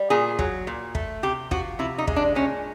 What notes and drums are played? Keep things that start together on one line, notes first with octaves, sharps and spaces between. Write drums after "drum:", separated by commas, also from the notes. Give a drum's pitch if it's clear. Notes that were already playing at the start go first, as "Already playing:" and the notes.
Already playing: G3
A#2 G#4
F#3, drum: kick
A#2
A3, drum: kick
C3 G4
F3 F#4, drum: kick
C3 E4
D#4
G#3, drum: kick
D4
A#2 C#4